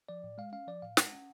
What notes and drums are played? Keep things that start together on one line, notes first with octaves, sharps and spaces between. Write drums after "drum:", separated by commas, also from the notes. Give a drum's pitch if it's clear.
F3 D5
A2
G#3 F5
C#4 F5
F3 D5
A2 F5
G#3 F#5, drum: snare
C#4